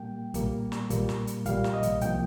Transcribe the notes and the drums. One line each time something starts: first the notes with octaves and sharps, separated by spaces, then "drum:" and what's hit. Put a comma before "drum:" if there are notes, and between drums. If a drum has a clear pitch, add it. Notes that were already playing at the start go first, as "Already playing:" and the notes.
Already playing: A#2 G3 A#3 G5
A#2 G3 A#3, drum: kick, hi-hat
drum: snare
A#2 G3 A#3, drum: kick, hi-hat
drum: snare
drum: hi-hat
A#2 G3 A#3 F5, drum: kick, hi-hat
drum: snare
D#5
drum: kick, hi-hat
C2 C3 F3 A#3 G5, drum: hi-hat